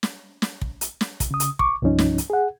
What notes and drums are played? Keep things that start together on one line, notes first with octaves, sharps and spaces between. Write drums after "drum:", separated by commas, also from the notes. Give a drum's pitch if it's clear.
drum: snare
drum: snare
drum: kick
drum: hi-hat
drum: snare
drum: kick, hi-hat
C#3 D#6
drum: hi-hat
C#6 D6, drum: kick
C2 G2 F3 C#4 D#4
drum: snare
drum: hi-hat
G#4 F#5